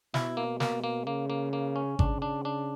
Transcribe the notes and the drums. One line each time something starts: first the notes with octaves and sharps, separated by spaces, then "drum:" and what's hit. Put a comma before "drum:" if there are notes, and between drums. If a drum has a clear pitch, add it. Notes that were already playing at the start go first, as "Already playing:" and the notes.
B2 E4, drum: snare
A#3
A#3, drum: snare
A#3
C#3 A#3
A#3
A#3
C#4
C#3 D4, drum: kick G#1
D4
D4